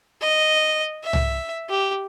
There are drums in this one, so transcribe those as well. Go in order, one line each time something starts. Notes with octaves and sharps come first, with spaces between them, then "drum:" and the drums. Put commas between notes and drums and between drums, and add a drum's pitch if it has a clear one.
D#5
E5
drum: tom C2
G4